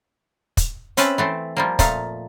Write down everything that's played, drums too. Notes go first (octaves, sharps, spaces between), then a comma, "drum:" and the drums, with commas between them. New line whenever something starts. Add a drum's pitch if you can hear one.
drum: kick, hi-hat
C4 C#4 B4 E5 G#5 A5, drum: hi-hat
E3 A3 C4
F3 G3 A#3
A#2 A3 D#5 F5 A#5, drum: kick, hi-hat